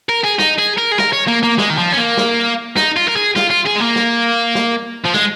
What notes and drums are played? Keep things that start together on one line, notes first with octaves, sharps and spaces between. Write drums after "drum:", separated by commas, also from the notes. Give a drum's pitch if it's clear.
A#4
G#4
D#4, drum: snare
G#4
A#4
G#4
A#4, drum: snare
C#5
A#3
A#3
G#3, drum: snare
D#3
F3
C#4
A#3
drum: snare
D#4, drum: snare
F4
A#4
G#4
F4, drum: snare
F4
G#4
G#3
A#3
drum: snare
drum: snare
F3
G#3, drum: snare